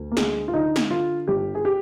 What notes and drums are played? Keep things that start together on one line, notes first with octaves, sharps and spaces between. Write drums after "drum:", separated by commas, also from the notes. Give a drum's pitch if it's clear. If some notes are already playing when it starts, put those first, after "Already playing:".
Already playing: D2
A#3
D3 G#3, drum: snare
F4
D3 D#4
drum: snare
D3 F4
G1 G4
G#4
G4